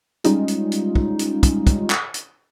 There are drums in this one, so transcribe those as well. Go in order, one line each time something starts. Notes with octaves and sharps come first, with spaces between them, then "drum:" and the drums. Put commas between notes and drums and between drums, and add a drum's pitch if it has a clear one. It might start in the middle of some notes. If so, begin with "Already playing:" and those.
G3 G#3 C#4 D#4 F4, drum: hi-hat
drum: hi-hat
drum: hi-hat
drum: kick
drum: hi-hat
drum: kick, hi-hat
drum: kick, hi-hat
drum: clap
drum: hi-hat